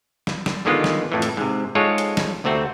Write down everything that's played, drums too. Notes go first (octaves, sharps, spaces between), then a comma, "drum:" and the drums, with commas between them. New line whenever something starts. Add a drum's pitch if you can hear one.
drum: snare
drum: snare
G#2 D3 D#3 G#3 B3 F4
drum: snare
F2 A2 E3
drum: hi-hat
G#2 C3
G#2 G#3 F4 A4 C#5
drum: hi-hat
drum: snare
D2 C3 A3 C4 F#4